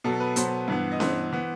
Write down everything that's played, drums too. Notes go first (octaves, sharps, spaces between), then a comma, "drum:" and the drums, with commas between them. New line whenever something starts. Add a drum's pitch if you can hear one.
B2 F#3 B3 A4
B4
B2 F#3 B3 C5, drum: hi-hat
G2 E3 B3
D#5
G2 E3 B3 C5, drum: snare C#4
E3 B3